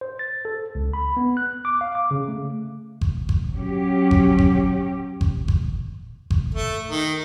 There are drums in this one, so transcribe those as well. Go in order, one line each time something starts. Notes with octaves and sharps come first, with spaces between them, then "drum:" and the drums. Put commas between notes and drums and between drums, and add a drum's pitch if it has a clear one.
C5
A6
A4
C#2
B5
B3
F#6
D6
F5
D6
C#3
A3
drum: kick G1
drum: kick G1
F#3 C#4 G4
drum: kick G1
drum: kick G1
drum: kick G1
drum: kick G1
drum: kick G1
A3
D#3